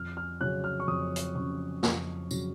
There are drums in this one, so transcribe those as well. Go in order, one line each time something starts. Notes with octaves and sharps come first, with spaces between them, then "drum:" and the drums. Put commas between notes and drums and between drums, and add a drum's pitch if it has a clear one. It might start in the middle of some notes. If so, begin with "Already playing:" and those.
Already playing: F2 F6
F6
C#3 F#3 C#4 F#6
F6
C#6
F2 D#6
drum: hi-hat
C#3 F#3 C#4 C#6
F2, drum: snare
C#3 F#3 C#4, drum: tambourine